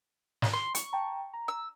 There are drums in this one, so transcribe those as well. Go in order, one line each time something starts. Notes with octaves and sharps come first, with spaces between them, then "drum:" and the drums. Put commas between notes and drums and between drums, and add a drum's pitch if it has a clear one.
drum: snare
C6
C#6, drum: hi-hat
G5 A5 A#5
A#5
E6